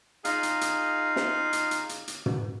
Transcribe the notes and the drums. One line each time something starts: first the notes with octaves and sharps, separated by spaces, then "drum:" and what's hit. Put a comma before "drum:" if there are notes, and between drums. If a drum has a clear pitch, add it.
D#4 F4 G#4 D#5 F5, drum: hi-hat
drum: hi-hat
drum: hi-hat
drum: snare
drum: hi-hat
drum: hi-hat
drum: hi-hat
drum: hi-hat
drum: tom